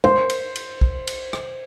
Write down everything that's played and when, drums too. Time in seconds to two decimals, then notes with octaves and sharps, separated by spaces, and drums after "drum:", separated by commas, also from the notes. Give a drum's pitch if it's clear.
0.04 C5, drum: tom G#3
0.30 drum: cymbal
0.55 drum: cymbal
0.81 drum: kick
1.07 drum: cymbal
1.33 drum: rim click